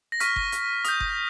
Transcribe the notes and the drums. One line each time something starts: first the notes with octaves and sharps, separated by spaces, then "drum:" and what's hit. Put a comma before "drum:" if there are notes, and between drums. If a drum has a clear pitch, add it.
A#6
C#6 F6 B6, drum: hi-hat
drum: kick F#1
drum: hi-hat
D#6 G6, drum: hi-hat
drum: kick F#1